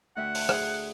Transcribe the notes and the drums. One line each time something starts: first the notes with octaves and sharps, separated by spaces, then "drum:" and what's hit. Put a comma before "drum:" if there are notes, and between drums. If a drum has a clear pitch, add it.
D2 E5 F#5 G5
drum: open hi-hat
G#4, drum: rim click